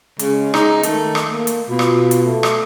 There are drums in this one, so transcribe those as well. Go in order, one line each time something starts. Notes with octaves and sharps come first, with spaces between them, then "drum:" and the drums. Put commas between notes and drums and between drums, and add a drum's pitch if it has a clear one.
C#3 G#3, drum: hi-hat
D#4, drum: rim click
D#3 A3, drum: hi-hat
drum: rim click
A#3
drum: hi-hat
B2 F4
drum: rim click
drum: hi-hat
A3
drum: rim click